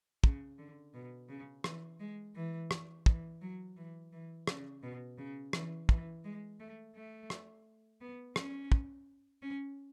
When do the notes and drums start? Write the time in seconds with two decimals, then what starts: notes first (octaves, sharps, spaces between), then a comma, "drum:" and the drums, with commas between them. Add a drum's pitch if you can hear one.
0.24 C#3, drum: kick
0.58 D3
0.94 B2
1.29 C#3
1.64 E3, drum: rim click
2.00 G#3
2.35 E3
2.71 drum: rim click
3.06 E3, drum: kick
3.41 F#3
3.77 E3
4.12 E3
4.47 C#3, drum: rim click
4.83 B2
5.18 C#3
5.53 E3, drum: rim click
5.89 E3, drum: kick
6.24 G#3
6.60 A3
6.95 A3
7.30 drum: rim click
8.01 B3
8.36 C#4, drum: rim click
8.72 drum: kick
9.42 C#4